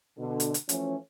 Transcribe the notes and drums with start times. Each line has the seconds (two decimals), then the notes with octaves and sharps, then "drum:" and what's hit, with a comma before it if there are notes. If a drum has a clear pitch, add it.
0.19 B2 D3
0.40 drum: hi-hat
0.54 drum: hi-hat
0.69 E3 F3 A3 C#4, drum: hi-hat